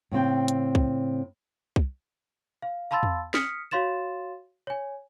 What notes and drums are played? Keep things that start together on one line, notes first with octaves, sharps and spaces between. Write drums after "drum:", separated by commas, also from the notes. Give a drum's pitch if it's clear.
A2 C#3 C4 G5
drum: hi-hat
drum: kick C2
drum: kick C2
F5
F5 A5 B5 C6 E6 A6
drum: tom E2
D#6 F6 B6 C#7, drum: snare
F#4 C#5 F5 C6 A6 E7
C#5 G#5